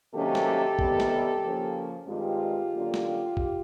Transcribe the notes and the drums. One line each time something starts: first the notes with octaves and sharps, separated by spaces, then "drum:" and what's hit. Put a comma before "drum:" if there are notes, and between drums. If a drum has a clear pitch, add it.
C3 D#3 F#3 A#3 C#4 G4 A4
drum: snare
C3 D#3 G3 B3, drum: kick A#1
drum: snare
C#3 F3 A#3 C#4
G2 D#3 G#3 C4 F4 G4
F#2 D3 F#3 A#3 C#4
drum: snare
drum: kick A#1